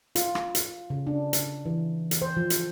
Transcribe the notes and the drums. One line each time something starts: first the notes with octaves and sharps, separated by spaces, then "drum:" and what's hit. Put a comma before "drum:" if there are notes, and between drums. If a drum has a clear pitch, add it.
F4, drum: hi-hat
drum: rim click
drum: hi-hat
C#3
D4
drum: hi-hat
E3
drum: hi-hat
C5
F3
drum: hi-hat